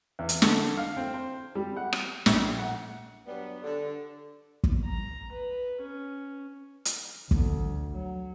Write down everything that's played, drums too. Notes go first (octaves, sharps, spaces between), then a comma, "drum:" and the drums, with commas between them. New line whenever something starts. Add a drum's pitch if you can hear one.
E2
drum: hi-hat
D3, drum: snare
F5
C4
C5
G3
F#5
drum: rim click
A#1, drum: snare
F#5
G2 F#3 G3 B3
D3
drum: kick
A#5
B4
C#4
drum: hi-hat
D2, drum: kick
F#3